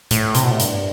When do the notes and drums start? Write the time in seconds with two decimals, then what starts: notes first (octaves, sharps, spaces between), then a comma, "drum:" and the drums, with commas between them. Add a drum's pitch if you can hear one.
0.11 A2, drum: hi-hat
0.35 C3, drum: hi-hat
0.44 B2
0.51 A2
0.60 G2, drum: hi-hat